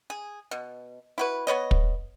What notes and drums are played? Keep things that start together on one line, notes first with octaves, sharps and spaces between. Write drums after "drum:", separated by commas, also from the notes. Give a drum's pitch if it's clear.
G#4
B2
E4 F#4 B4
B3 B4 C#5 D#5
drum: kick